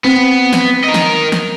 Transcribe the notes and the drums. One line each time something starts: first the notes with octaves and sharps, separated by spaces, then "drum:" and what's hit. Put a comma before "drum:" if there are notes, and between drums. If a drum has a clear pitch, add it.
B3 C4
drum: snare
A#4 D#5
drum: snare
drum: snare